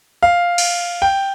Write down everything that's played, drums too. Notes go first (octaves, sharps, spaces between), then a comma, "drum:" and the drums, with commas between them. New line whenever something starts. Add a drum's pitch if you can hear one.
F5
drum: cymbal
G5